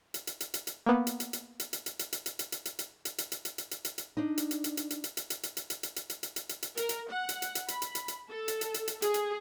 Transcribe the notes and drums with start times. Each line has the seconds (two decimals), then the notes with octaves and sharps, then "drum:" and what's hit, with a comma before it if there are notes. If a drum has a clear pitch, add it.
0.14 drum: hi-hat
0.27 drum: hi-hat
0.40 drum: hi-hat
0.54 drum: hi-hat
0.67 drum: hi-hat
0.86 A#3 B3
1.07 drum: hi-hat
1.20 drum: hi-hat
1.33 drum: hi-hat
1.60 drum: hi-hat
1.73 drum: hi-hat
1.86 drum: hi-hat
1.99 drum: hi-hat
2.13 drum: hi-hat
2.26 drum: hi-hat
2.39 drum: hi-hat
2.52 drum: hi-hat
2.65 drum: hi-hat
2.79 drum: hi-hat
3.05 drum: hi-hat
3.18 drum: hi-hat
3.32 drum: hi-hat
3.45 drum: hi-hat
3.58 drum: hi-hat
3.71 drum: hi-hat
3.85 drum: hi-hat
3.98 drum: hi-hat
4.17 D4 D#4
4.38 drum: hi-hat
4.51 drum: hi-hat
4.64 drum: hi-hat
4.77 drum: hi-hat
4.90 drum: hi-hat
5.04 drum: hi-hat
5.17 drum: hi-hat
5.30 drum: hi-hat
5.43 drum: hi-hat
5.57 drum: hi-hat
5.70 drum: hi-hat
5.83 drum: hi-hat
5.96 drum: hi-hat
6.10 drum: hi-hat
6.23 drum: hi-hat
6.36 drum: hi-hat
6.49 drum: hi-hat
6.63 drum: hi-hat
6.77 A#4, drum: hi-hat
6.89 drum: hi-hat
7.11 F#5
7.29 drum: hi-hat
7.42 drum: hi-hat
7.55 drum: hi-hat
7.68 B5, drum: hi-hat
7.82 drum: hi-hat
7.95 drum: hi-hat
8.08 drum: hi-hat
8.30 A4
8.48 drum: hi-hat
8.61 drum: hi-hat
8.74 drum: hi-hat
8.88 drum: hi-hat
9.02 G#4, drum: hi-hat
9.14 drum: hi-hat